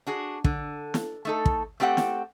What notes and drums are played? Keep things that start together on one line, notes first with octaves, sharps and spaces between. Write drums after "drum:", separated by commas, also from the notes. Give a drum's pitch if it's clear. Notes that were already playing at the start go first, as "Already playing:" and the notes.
D4 F#4 G#4
D3, drum: kick
drum: snare
A3 D#4 A4
drum: kick
A3 C4 G4 C#5 F#5
drum: snare